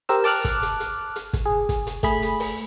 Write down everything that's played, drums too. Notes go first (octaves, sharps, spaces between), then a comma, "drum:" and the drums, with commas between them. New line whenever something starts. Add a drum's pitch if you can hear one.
G4 A#4 C5 E6, drum: hi-hat
A5 D6 F6 F#6, drum: open hi-hat
drum: kick, hi-hat
drum: hi-hat
drum: hi-hat
drum: hi-hat
drum: kick, hi-hat
G#4
drum: kick, hi-hat
drum: hi-hat
A3 G#4 B5, drum: kick, hi-hat
drum: hi-hat
drum: open hi-hat